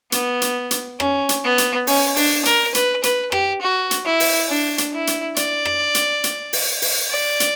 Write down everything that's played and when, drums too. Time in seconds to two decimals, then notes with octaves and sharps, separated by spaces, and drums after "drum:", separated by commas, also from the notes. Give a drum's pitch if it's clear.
0.12 B3, drum: hi-hat
0.42 drum: hi-hat
0.71 drum: hi-hat
1.00 C#4, drum: rim click
1.29 drum: hi-hat
1.44 B3
1.58 drum: hi-hat
1.87 C#4, drum: open hi-hat
2.16 D4, drum: open hi-hat
2.45 A#4, drum: hi-hat
2.75 B4, drum: hi-hat
3.03 B4, drum: hi-hat
3.32 G4, drum: rim click
3.61 F#4
3.91 drum: hi-hat
4.05 E4
4.20 drum: open hi-hat
4.49 D4
4.78 drum: hi-hat
4.93 E4
5.07 drum: hi-hat
5.36 D5, drum: hi-hat
5.65 drum: rim click
5.95 drum: hi-hat
6.24 drum: hi-hat
6.53 drum: open hi-hat
6.82 drum: open hi-hat
7.11 D5
7.40 drum: hi-hat